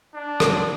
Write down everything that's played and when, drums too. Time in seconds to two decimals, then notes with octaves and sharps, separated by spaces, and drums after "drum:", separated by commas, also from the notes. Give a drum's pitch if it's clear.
0.14 D4
0.40 drum: rim click